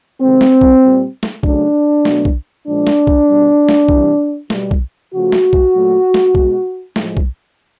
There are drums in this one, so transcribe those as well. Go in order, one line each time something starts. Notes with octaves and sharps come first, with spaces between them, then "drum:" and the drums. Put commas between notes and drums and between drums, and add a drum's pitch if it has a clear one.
C3 D#3 G#3 C4
drum: snare
drum: kick B1
A#2 G3
drum: snare
C#3 F#3 A3 D4, drum: kick B1
B2 F#3 A3, drum: snare
drum: kick B1
A#2 F3 G#3 D4
drum: snare
drum: kick B1
B2 G3
drum: snare
C3 E3 G3, drum: kick B1
B2 G3, drum: snare
drum: kick B1
C#3 F3 A3 F#4
drum: snare
drum: kick B1
A#2 F#3 A3
drum: snare
B2 G#3, drum: kick B1
A2 F3 G#3, drum: snare
drum: kick B1